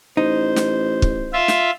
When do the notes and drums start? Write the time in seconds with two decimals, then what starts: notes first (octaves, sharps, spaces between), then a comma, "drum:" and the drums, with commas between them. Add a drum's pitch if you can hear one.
0.17 A1 D#4 C5
0.56 drum: snare
1.02 drum: kick
1.33 F4 E5
1.48 drum: snare